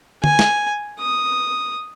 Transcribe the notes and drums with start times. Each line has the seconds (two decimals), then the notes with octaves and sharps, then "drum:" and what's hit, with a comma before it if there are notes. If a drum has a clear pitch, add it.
0.24 G#5, drum: tom D3
0.39 drum: snare
0.99 D#6